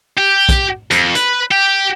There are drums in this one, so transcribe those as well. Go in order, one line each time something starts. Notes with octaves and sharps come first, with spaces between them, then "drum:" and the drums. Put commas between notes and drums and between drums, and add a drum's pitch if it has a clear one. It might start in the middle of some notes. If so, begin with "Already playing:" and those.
G4
drum: kick, hi-hat
F2, drum: hi-hat
B4, drum: hi-hat
G4